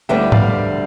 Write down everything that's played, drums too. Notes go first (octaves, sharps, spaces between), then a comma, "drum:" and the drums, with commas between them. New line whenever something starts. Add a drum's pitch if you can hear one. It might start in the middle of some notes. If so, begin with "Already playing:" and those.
D2 D3 G3 B3 D4 E5 G5
D5 F5, drum: tom G#2